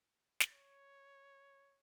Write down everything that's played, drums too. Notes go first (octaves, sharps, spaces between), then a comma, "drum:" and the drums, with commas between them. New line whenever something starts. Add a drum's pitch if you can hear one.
drum: snare
C#5